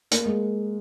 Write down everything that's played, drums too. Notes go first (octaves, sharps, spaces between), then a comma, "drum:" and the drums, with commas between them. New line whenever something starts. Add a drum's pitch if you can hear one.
A#3, drum: hi-hat
G#3